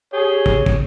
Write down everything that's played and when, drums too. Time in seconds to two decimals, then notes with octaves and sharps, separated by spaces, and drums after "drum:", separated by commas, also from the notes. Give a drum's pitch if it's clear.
0.14 G4 G#4 C#5
0.46 drum: kick
0.66 drum: kick